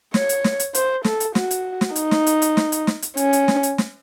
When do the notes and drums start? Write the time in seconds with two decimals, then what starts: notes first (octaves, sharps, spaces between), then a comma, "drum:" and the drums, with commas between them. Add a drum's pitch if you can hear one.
0.14 C#5, drum: snare
0.29 drum: hi-hat
0.44 drum: snare
0.60 drum: hi-hat
0.75 C5, drum: hi-hat
1.04 A4, drum: snare
1.20 drum: hi-hat
1.35 F#4, drum: snare
1.51 drum: hi-hat
1.81 drum: snare
1.96 D#4, drum: hi-hat
2.11 drum: snare
2.27 drum: hi-hat
2.42 drum: hi-hat
2.57 drum: snare
2.72 drum: hi-hat
2.87 drum: snare
3.02 drum: hi-hat
3.17 C#4, drum: hi-hat
3.33 drum: hi-hat
3.48 drum: snare
3.63 drum: hi-hat
3.78 drum: snare